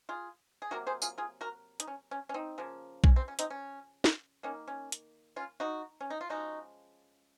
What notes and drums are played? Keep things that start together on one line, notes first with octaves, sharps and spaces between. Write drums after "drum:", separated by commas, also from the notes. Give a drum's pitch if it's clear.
F4 G#4
G#4
C3 F#3 A#3 F#4 A#4
G#4 C5
F4 G#4, drum: tambourine
F4 G#4
F#4 A#4
D#4, drum: hi-hat
C#4
C#4
C#4
C4 D#4
C#3 F3 A#3
C#4, drum: kick B1
C4
C#4
C4 D#4, drum: hi-hat
C#4
drum: snare
D#3 A#3 C#4
C#4
drum: hi-hat
C#4 F4
D#4 F#4
C#4
D#4
F4
C#3 F3 G#3 D#4 F#4